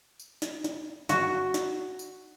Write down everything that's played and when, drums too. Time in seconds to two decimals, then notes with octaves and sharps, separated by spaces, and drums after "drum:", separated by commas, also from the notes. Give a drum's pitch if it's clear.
0.20 drum: tambourine
0.42 drum: snare
0.64 drum: snare
1.09 F#4, drum: snare
1.54 drum: snare
1.99 drum: tambourine